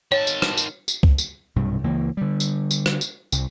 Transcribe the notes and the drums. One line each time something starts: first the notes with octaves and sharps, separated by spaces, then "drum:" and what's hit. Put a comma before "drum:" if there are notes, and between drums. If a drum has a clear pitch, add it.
D#3 C#5 A5
drum: tambourine
drum: rim click
drum: tambourine
drum: tambourine
drum: kick C#2
drum: tambourine
B1 G2 C3
C#2 E3 A#3
D3 G3
drum: tambourine
drum: tambourine
drum: rim click
drum: tambourine
C2, drum: tambourine